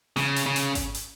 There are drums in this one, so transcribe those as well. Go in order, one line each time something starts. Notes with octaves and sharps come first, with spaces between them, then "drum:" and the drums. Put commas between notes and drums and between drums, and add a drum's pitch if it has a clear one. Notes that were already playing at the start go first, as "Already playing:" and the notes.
C#3, drum: snare
drum: hi-hat
C#3
drum: hi-hat
drum: kick G#1, hi-hat
drum: hi-hat